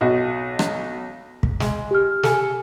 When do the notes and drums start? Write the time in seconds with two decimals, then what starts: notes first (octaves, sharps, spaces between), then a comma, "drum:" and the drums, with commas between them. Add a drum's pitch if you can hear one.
0.01 B1 F#4 D#5
0.59 drum: rim click
1.43 drum: kick
1.60 G#3, drum: snare
1.91 G4 F6
2.23 A4 G#5, drum: snare